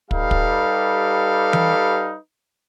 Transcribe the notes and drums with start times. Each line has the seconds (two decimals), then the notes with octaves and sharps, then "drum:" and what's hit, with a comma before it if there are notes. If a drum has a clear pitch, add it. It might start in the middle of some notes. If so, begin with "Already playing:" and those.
0.11 G3 D#4 G4 A4 B4 F5, drum: kick
0.31 drum: kick
1.53 drum: tom E3